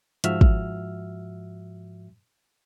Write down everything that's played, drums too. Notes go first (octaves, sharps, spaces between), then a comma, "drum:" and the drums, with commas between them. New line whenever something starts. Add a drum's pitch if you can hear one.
G#2 F3 F#4 E5 E6 F6, drum: hi-hat
drum: kick